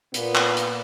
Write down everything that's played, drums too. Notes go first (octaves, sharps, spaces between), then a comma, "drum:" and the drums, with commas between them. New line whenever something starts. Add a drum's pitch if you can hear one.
A#2 B3, drum: hi-hat
drum: clap
drum: hi-hat